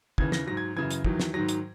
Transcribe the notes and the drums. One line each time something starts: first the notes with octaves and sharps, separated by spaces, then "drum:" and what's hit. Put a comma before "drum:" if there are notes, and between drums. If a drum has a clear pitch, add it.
D#2 C#3 E3 G#6, drum: kick
A#6, drum: snare
G#2 F#3 A#6
G#6
F#2 C#3 E3 G#6
drum: hi-hat
E2 D#3 F#3, drum: kick
drum: snare
G#2 D#3 F#3 A#6
drum: hi-hat